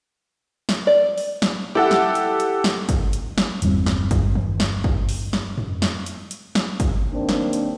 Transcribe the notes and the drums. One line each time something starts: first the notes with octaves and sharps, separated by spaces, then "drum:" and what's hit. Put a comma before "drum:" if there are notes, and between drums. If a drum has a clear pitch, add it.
drum: snare
D5
drum: open hi-hat
drum: snare
E4 G4 A4 F#5
drum: snare
drum: hi-hat
drum: hi-hat
drum: snare
drum: kick, hi-hat
drum: hi-hat
drum: snare
G1 E2 G3 C4, drum: hi-hat
drum: snare
drum: kick, hi-hat
drum: tom D#3
drum: snare
drum: kick
drum: open hi-hat
drum: snare
drum: tom F2
drum: snare
drum: hi-hat
drum: hi-hat
drum: snare
drum: kick, hi-hat
D#2 A#3 C4 D4
drum: snare
drum: hi-hat